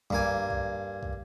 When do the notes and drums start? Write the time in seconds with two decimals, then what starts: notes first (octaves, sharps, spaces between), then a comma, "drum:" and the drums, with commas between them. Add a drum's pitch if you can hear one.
0.10 G2 A#3 G#5, drum: kick
0.51 drum: kick
1.03 drum: kick